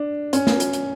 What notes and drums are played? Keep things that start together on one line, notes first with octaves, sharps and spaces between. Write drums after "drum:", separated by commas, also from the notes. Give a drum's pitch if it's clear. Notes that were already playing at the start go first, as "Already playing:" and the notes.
Already playing: D4
C#4, drum: hi-hat
drum: snare
drum: hi-hat
drum: hi-hat